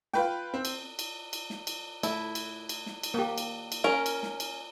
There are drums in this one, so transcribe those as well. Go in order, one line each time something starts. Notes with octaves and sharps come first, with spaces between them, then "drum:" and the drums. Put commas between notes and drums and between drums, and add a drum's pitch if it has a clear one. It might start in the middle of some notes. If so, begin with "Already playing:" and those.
F4 B4 G5, drum: snare
C4
drum: cymbal
drum: cymbal
drum: cymbal
drum: snare
drum: cymbal
A3 E4, drum: cymbal
drum: cymbal
drum: cymbal
drum: snare
drum: cymbal
A#3 G4
drum: cymbal
drum: cymbal
C#4 A#4
drum: cymbal
drum: snare
drum: cymbal